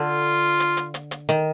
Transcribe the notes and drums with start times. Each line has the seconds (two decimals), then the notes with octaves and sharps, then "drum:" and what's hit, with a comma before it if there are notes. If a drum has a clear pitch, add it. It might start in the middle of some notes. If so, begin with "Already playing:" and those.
Already playing: D3 F4
0.60 drum: hi-hat
0.77 drum: hi-hat
0.94 drum: hi-hat
1.11 drum: hi-hat
1.29 D#3, drum: hi-hat